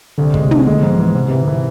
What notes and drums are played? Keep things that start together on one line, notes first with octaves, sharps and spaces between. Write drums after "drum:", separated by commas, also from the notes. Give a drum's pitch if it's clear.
C2 D3
G#3, drum: kick
C3
B2, drum: tom
D3 G#3
G#2 F3
E3 G#3
G#2 C3
C3 E3
D3
C3 E3